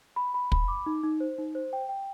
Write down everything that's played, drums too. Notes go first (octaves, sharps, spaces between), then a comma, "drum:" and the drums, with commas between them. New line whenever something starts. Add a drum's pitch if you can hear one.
B5
B5
B5, drum: kick
D6
D#4
D#4
C5
D#4
C5
G5
G5